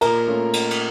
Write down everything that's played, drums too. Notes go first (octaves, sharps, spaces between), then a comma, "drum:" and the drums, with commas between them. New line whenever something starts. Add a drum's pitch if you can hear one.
A#2 A#4 A#5, drum: cymbal
A3 C#4 F4
drum: cymbal
drum: cymbal